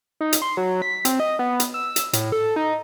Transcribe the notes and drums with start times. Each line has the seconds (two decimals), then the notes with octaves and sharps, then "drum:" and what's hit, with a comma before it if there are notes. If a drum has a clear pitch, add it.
0.21 D#4
0.33 drum: hi-hat
0.42 C6
0.57 F#3
0.82 B6
1.05 C4, drum: hi-hat
1.20 D#5
1.39 B3
1.60 drum: hi-hat
1.74 E6
1.96 drum: hi-hat
2.13 A2, drum: hi-hat
2.32 A4
2.56 D#4